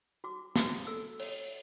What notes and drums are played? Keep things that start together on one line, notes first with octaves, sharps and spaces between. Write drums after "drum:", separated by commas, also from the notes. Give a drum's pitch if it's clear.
F#4 D6
F#4, drum: snare
A4 E6
C#5, drum: open hi-hat